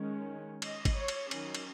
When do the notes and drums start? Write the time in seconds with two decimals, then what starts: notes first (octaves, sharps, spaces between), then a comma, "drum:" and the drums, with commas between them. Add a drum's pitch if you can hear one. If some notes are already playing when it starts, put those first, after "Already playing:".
Already playing: D#3 G#3 C#4
0.62 D#5, drum: cymbal
0.85 drum: kick G#1, cymbal
0.97 C#5
1.08 drum: cymbal
1.31 D#3 F#3 C#4, drum: cymbal
1.55 drum: cymbal